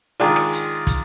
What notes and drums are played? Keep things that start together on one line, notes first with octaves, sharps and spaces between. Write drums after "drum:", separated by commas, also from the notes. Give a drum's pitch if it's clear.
D#3 G#3 D4 F4
drum: rim click
drum: hi-hat
drum: kick, hi-hat